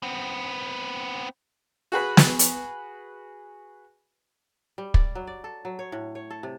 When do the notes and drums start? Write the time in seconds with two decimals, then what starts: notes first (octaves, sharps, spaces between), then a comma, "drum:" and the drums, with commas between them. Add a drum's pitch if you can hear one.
0.03 B3 C4
1.92 F#4 G#4 B4 B5
2.17 drum: snare
2.39 drum: hi-hat
4.78 G3
4.94 D5, drum: kick
5.15 F#3
5.27 D5
5.44 A4
5.65 F#3
5.79 C#5
5.92 A2
6.15 C#5
6.30 A4
6.43 C3